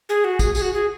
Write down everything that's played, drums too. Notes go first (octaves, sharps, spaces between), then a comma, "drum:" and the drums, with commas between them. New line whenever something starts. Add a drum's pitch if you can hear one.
G#4
F#4
G#4, drum: kick, tambourine
G#4, drum: tambourine
F#4
G#4